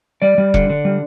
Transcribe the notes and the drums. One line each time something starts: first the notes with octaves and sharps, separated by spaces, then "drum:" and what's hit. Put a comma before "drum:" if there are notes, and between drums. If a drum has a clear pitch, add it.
G3 D5
G3
D3, drum: kick F1
D3
G3